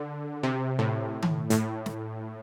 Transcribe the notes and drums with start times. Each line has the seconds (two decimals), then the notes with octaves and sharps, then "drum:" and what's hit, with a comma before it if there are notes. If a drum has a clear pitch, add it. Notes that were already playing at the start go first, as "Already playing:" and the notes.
Already playing: D3
0.43 C3
0.79 A2
1.22 drum: tom D#3
1.50 A2, drum: hi-hat
1.86 drum: snare